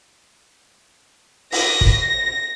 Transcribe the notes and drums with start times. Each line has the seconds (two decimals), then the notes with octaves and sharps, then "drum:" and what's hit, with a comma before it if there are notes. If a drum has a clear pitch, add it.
1.52 A#6, drum: open hi-hat
1.81 drum: kick